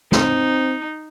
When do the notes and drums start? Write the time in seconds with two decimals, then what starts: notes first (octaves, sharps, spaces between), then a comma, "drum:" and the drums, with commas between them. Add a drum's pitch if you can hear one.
0.12 C4 D#4, drum: snare